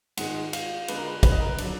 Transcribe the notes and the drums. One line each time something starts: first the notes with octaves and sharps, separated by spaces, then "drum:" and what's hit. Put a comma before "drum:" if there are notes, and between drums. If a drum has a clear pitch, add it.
G#2 D#3 G#3 F#5, drum: cymbal
F5, drum: cymbal
D3 G#3 D4 B4, drum: cymbal
A#4
B4
B4, drum: kick, cymbal
D#5
A#4
B4
D3 F#3 D4, drum: cymbal